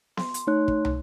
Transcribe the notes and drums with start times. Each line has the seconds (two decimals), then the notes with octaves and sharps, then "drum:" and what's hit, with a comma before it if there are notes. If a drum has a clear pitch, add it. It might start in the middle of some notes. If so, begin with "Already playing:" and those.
0.17 C6, drum: snare B3
0.34 drum: hi-hat
0.47 A3 D#4 C#5 C6 F#6
0.68 drum: kick
0.85 drum: tom